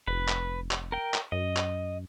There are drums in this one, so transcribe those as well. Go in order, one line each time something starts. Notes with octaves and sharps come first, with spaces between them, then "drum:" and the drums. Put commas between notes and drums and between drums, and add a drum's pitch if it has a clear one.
F1 B4
drum: clap
drum: clap
A#4 G5
drum: clap
F#2 D#5
drum: clap